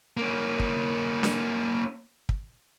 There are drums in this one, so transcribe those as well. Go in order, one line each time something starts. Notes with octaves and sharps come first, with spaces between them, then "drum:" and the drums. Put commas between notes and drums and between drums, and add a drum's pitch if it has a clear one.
A#3 C#4
drum: kick
drum: snare D4
drum: kick